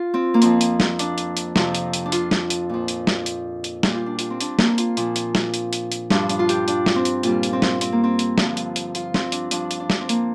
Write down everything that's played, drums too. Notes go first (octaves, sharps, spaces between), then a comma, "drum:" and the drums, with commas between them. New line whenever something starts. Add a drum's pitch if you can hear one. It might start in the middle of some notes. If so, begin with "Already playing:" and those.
Already playing: F4
C4
A#3
F2 F3 C4, drum: hi-hat
drum: hi-hat
drum: snare
D4, drum: hi-hat
drum: hi-hat
drum: hi-hat
F2 C3 F3, drum: snare
drum: hi-hat
drum: hi-hat
D4
F4, drum: hi-hat
drum: snare
drum: hi-hat
A#2 F3
drum: hi-hat
drum: snare
drum: hi-hat
drum: hi-hat
A#2 G3 G4, drum: snare
F4
D4
F4, drum: hi-hat
C4
D4, drum: hi-hat
A#3, drum: snare
F4, drum: hi-hat
A#2 F3, drum: hi-hat
drum: hi-hat
drum: snare
drum: hi-hat
drum: hi-hat
drum: hi-hat
G2 F3 D4, drum: snare
D4, drum: hi-hat
F4
G4, drum: hi-hat
D4, drum: hi-hat
drum: snare
C4
drum: hi-hat
A#2 G3 F4, drum: hi-hat
drum: hi-hat
C4
drum: snare
C4, drum: hi-hat
A#3
C4
drum: hi-hat
G2 D3 F3, drum: snare
drum: hi-hat
drum: hi-hat
F4, drum: hi-hat
C4, drum: snare
D4, drum: hi-hat
G2 F3 D4, drum: hi-hat
drum: hi-hat
D4
drum: snare
C4
A#3, drum: hi-hat